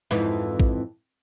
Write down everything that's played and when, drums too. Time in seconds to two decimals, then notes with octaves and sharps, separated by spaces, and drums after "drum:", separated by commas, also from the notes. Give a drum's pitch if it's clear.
0.11 F2 G#2 E3
0.60 drum: kick A1